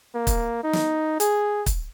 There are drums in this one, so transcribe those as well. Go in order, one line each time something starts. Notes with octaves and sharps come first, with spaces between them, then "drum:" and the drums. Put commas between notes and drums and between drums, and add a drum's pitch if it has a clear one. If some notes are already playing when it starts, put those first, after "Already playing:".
A#3
drum: kick, hi-hat
D#4
drum: snare
G#4, drum: hi-hat
drum: kick, hi-hat